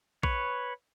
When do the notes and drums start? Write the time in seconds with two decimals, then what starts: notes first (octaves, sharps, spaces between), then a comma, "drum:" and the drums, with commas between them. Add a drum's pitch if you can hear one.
0.23 B4 C#5, drum: kick A#1